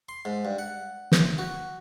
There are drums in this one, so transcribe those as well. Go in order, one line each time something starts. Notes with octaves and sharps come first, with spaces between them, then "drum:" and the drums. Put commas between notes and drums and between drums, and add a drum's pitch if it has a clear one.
C6
G#2
G2
F#5
drum: snare
F#4